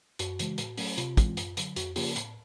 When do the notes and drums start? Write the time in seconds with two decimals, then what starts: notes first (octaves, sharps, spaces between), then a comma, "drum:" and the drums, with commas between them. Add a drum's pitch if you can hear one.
0.19 F#2 F#4, drum: hi-hat
0.39 C#3 E3 G#3, drum: hi-hat
0.58 A2, drum: hi-hat
0.77 F#3 A3 C#4, drum: open hi-hat
0.98 C3 F4, drum: hi-hat
1.17 E3 G#3 C4, drum: kick, hi-hat
1.37 F#2, drum: hi-hat
1.57 D3 F#3, drum: hi-hat
1.76 F2 F#4, drum: hi-hat
1.96 C#3 F3 A#3 C#4 F4 G4, drum: open hi-hat
2.16 A2, drum: hi-hat